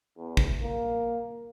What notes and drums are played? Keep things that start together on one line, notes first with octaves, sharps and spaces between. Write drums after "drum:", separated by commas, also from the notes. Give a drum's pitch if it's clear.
E2
drum: kick
A#3